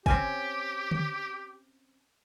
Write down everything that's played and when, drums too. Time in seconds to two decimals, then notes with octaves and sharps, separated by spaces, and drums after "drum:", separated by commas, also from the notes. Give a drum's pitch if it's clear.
0.06 C4 C#4 G4 G#5, drum: kick
0.91 drum: tom D3